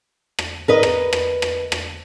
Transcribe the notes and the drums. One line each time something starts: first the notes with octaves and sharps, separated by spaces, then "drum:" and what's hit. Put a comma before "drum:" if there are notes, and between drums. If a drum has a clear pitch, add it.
drum: rim click
A#4 B4 D#5
drum: rim click
drum: rim click
drum: rim click
drum: rim click